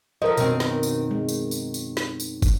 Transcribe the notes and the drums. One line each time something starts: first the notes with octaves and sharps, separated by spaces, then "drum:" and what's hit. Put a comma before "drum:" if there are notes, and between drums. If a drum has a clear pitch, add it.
F3 A4 A#4 D#5
F#2 B2 D#3 C4, drum: tambourine
drum: snare
drum: tambourine
G#3
drum: tambourine
drum: tambourine
drum: tambourine
drum: snare
drum: tambourine
drum: kick, tambourine